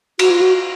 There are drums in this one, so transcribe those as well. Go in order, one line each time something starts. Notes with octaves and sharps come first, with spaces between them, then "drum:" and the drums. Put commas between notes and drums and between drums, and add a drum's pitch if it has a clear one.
F#4, drum: cymbal
F4
F#4